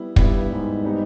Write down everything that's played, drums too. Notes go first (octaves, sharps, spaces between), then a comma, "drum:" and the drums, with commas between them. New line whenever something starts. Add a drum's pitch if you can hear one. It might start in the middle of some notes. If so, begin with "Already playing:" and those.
Already playing: G3 B3 E4
G2 G3 B3 E4, drum: kick
G#2
G3 B3 D#4